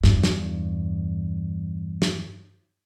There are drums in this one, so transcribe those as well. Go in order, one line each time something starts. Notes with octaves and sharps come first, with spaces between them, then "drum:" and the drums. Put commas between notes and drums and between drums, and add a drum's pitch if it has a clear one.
E2 G2, drum: snare
drum: snare
drum: snare